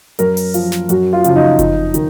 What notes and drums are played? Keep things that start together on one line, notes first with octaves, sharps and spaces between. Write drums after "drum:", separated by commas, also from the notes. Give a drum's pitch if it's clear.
F#2 A#4, drum: hi-hat
drum: open hi-hat
F3, drum: hi-hat
drum: snare
F#2 F#4, drum: hi-hat
F4
C#3 F3, drum: hi-hat
D#4
F2, drum: kick F#1, hi-hat
D#3, drum: hi-hat